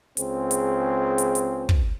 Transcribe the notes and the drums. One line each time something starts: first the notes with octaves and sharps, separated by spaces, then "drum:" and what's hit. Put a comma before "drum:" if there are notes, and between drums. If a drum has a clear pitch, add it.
C#2 C4 G#4, drum: hi-hat
drum: hi-hat
drum: hi-hat
drum: hi-hat
drum: kick